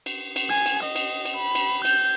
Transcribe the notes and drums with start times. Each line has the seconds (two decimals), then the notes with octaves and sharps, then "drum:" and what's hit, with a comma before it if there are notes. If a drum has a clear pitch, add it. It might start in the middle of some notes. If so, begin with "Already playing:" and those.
0.06 drum: cymbal
0.36 drum: cymbal
0.49 G#5
0.66 drum: cymbal
0.83 D#5
0.96 drum: cymbal
1.25 drum: cymbal
1.36 B5
1.55 drum: cymbal
1.85 G6, drum: cymbal